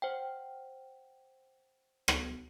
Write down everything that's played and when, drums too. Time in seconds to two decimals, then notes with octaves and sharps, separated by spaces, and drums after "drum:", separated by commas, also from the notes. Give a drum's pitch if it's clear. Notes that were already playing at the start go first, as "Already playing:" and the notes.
0.02 C5 F#5 G5
2.08 drum: rim click